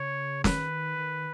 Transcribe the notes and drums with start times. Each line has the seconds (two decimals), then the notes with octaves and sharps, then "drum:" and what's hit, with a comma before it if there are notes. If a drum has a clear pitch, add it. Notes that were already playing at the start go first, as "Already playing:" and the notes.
Already playing: C#3 C#5
0.44 D#3 B4, drum: snare
0.98 D#3